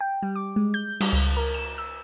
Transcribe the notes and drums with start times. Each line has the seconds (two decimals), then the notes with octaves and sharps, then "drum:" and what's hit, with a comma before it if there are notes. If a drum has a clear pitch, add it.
0.01 G5
0.22 G3
0.36 D6
0.56 G#3
0.74 G6
1.01 G3, drum: cymbal
1.13 C#2
1.37 A#4
1.54 E7
1.78 E6